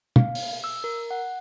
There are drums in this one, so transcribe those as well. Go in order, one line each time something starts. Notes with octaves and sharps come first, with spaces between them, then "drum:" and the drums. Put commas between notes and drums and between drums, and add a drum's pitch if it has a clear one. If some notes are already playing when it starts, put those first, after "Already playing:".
F5, drum: tom
drum: open hi-hat
E6
A#4
F#5